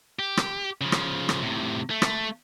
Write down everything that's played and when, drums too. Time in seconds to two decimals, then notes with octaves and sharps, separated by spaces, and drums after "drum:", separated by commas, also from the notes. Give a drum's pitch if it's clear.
0.19 G4
0.37 drum: rim click
0.81 C#3 F3
0.92 drum: rim click
1.29 drum: rim click
1.42 A2 C3
1.90 A3
2.02 drum: rim click